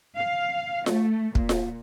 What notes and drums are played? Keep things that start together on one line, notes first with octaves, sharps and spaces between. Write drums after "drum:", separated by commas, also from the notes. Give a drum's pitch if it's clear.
F5
A3, drum: snare F4
A#2, drum: kick
drum: snare F4